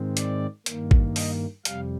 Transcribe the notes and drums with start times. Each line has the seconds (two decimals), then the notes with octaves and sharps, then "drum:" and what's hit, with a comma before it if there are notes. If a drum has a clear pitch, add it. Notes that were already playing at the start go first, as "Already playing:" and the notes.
Already playing: G#2 D#3 G#3 C4
0.17 D5, drum: hi-hat
0.66 G2 D#3 A#3, drum: hi-hat
0.91 drum: kick G#1
1.16 D#5, drum: open hi-hat
1.65 F2 C3 G3 F5, drum: hi-hat